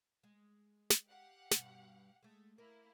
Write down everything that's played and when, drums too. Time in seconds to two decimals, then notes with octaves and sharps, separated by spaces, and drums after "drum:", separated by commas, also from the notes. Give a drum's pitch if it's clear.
0.23 G#3
0.90 drum: snare
1.07 G4 F5 F#5
1.51 G2 B2, drum: snare
2.23 G#3 A3
2.58 A#3 E4 A#4